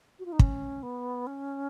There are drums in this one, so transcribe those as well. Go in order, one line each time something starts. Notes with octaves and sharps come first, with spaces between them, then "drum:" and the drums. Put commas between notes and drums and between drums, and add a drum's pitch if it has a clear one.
F#4
F4
D#4
C#4, drum: kick
B3
C#4